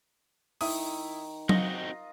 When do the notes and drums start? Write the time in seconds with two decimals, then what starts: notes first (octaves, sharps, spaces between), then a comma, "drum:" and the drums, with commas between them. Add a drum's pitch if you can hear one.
0.61 D#3 E4 D#6, drum: open hi-hat
1.49 C4 D#4 F4 F#4 D#5 A#6, drum: tom F#3